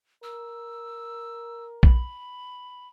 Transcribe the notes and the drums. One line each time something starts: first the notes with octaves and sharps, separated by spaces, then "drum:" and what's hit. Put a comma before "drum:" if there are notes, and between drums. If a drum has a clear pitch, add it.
A#4 E6
B5, drum: kick A#1